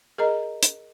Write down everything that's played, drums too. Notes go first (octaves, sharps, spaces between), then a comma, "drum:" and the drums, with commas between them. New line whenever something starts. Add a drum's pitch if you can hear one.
G#4 A#4 D#5 A#5
drum: hi-hat